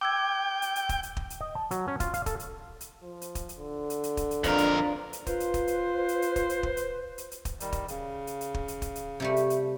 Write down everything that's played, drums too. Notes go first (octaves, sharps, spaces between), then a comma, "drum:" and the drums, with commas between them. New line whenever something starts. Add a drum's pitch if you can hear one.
G5 D6 E6 G#6
drum: hi-hat
drum: hi-hat
drum: kick, hi-hat
drum: hi-hat
drum: kick
drum: hi-hat
D#5
A5
F#3, drum: hi-hat
C#4
F4, drum: kick, hi-hat
F5, drum: hi-hat
A4, drum: kick, hi-hat
drum: hi-hat
drum: hi-hat
F3
drum: hi-hat
drum: kick, hi-hat
drum: hi-hat
D3
drum: hi-hat
drum: hi-hat
drum: kick, hi-hat
drum: hi-hat
F2 D4 F4 A#4 B4, drum: kick, hi-hat
drum: hi-hat
drum: hi-hat
F4 B4 C5, drum: kick, hi-hat
drum: hi-hat
drum: kick, hi-hat
drum: hi-hat
drum: hi-hat
drum: hi-hat
drum: kick, hi-hat
drum: hi-hat
drum: kick
drum: hi-hat
drum: hi-hat
drum: hi-hat
drum: kick, hi-hat
D#3 G3, drum: hi-hat
drum: kick, hi-hat
C#3, drum: hi-hat
drum: hi-hat
drum: hi-hat
drum: kick
drum: hi-hat
drum: kick, hi-hat
drum: hi-hat
C3 G3 A3
drum: hi-hat
drum: hi-hat